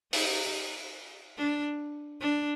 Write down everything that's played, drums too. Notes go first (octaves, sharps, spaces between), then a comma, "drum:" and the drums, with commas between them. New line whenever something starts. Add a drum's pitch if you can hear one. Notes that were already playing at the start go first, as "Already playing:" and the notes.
D#4, drum: open hi-hat
D4
D4